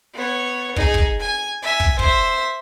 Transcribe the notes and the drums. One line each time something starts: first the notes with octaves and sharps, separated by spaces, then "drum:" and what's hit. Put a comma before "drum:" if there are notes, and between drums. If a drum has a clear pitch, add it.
B3 C#5
D#4 G#4, drum: kick
drum: kick
G#5
E5 G#5
drum: kick
C5 E5, drum: kick